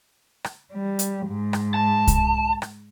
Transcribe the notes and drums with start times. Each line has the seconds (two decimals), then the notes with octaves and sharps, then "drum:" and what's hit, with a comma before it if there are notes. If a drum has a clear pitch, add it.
0.44 drum: rim click
0.73 G3
0.99 drum: hi-hat
1.26 G#2
1.53 drum: rim click
1.74 A5
2.07 drum: kick C2, hi-hat
2.62 drum: rim click